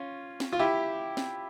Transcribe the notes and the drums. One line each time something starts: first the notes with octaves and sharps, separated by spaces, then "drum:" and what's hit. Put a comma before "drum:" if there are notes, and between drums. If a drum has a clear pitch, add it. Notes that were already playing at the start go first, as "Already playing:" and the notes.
Already playing: C#4 F4
drum: snare C4
F4
E4 G4
drum: snare C4